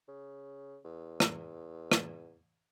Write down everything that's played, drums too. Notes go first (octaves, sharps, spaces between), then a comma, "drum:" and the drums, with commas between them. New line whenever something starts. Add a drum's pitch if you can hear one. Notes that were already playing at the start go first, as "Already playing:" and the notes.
C#3
E2
drum: rim click
drum: rim click